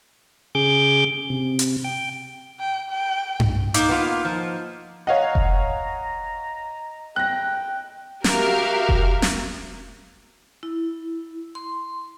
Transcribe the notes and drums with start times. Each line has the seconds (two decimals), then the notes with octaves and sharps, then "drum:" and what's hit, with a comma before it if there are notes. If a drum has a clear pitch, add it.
0.55 C#3 G#4 D6 G6
1.30 C3
1.59 drum: hi-hat
1.84 G5
2.60 G5
2.90 G5
3.40 drum: tom G2
3.74 A#3 D#4 D6, drum: hi-hat
3.89 B3 F4
4.25 F3
5.07 C#5 D#5 F5 F#5 A#5
5.35 drum: kick F1
7.16 G5 F#6 A#6
8.24 F#4 G4 A#4 E5 F5, drum: snare
8.89 drum: kick F1
9.22 drum: snare
10.63 E4
11.55 C6